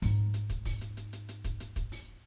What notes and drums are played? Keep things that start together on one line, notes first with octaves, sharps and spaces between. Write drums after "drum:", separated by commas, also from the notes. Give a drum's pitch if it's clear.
G#2 D#4, drum: open hi-hat
drum: hi-hat
drum: kick, hi-hat
drum: kick, open hi-hat
drum: hi-hat
drum: hi-hat
drum: hi-hat
drum: hi-hat
drum: kick, hi-hat
drum: hi-hat
drum: kick, hi-hat
drum: open hi-hat